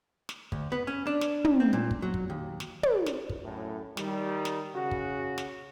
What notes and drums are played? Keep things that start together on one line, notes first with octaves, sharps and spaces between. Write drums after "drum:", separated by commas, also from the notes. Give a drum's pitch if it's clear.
drum: snare
D2, drum: kick
B3
C#4
D4
drum: snare
drum: tom
C4
A#2
drum: kick
F#3
drum: kick
D#2
drum: snare
drum: tom
drum: snare
drum: kick
F#2 A2
D#3 G3, drum: snare
drum: snare
C#3 F#4
drum: kick
drum: snare